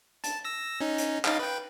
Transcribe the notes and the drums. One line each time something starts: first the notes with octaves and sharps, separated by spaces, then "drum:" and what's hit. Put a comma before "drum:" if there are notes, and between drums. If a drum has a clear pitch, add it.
A5, drum: hi-hat
E6 A#6
C#4 D#4
drum: hi-hat
D#4 F5 A6, drum: clap
B4 G5